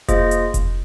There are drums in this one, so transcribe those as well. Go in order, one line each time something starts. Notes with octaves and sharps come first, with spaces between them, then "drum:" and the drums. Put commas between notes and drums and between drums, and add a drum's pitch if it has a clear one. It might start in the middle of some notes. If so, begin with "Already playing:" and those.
A#3 F4 G#4 C5 D#5, drum: kick F1, hi-hat
drum: hi-hat
drum: kick F1, hi-hat